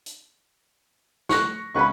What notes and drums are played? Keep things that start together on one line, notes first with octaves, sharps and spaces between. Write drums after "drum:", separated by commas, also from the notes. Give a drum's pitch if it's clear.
drum: hi-hat
C#6 F#6 A#6, drum: snare
C#2 C#4 B4 B5 C#6